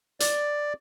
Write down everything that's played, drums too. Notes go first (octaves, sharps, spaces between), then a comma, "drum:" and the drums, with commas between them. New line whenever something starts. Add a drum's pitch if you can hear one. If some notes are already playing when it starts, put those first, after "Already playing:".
D5, drum: hi-hat